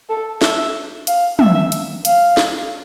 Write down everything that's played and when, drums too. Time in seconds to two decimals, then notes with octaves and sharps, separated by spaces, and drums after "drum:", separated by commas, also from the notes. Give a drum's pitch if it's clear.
0.09 A4
0.42 E5, drum: snare
1.07 F5, drum: hi-hat
1.39 E5, drum: tom
1.72 drum: hi-hat
2.05 F5, drum: hi-hat
2.37 drum: snare